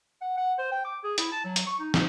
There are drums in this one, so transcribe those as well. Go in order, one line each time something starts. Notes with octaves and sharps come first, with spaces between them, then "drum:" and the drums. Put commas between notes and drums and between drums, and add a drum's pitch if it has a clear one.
F#5
F#5
C5
G5
D6
G#4
E4, drum: hi-hat
A5
F#3
drum: hi-hat
C#6
D#4
D#4, drum: snare